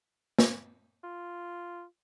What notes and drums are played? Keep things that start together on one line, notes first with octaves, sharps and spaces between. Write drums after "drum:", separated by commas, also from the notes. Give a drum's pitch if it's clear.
drum: snare
F4